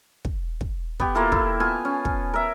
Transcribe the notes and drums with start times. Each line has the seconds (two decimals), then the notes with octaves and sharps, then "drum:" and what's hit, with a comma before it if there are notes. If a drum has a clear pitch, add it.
0.25 drum: kick
0.61 drum: kick
1.00 B3 G4, drum: kick
1.15 A#3 E4 F4 A4
1.32 E4, drum: kick
1.60 B3 F4 G#5 A5
1.85 C#4
2.05 drum: kick
2.34 A#4 E5